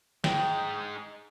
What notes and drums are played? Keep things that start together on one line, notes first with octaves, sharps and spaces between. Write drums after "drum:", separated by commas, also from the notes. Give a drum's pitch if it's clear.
G#3 D#4 G5, drum: snare